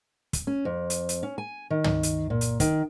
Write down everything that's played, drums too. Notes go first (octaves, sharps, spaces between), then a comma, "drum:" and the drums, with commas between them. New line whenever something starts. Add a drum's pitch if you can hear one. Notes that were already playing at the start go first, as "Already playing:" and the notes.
drum: kick, hi-hat
C#4
F2
drum: hi-hat
drum: hi-hat
C#4
G#5
D#3
drum: tom
drum: hi-hat
A#2
drum: hi-hat
D#3, drum: kick, hi-hat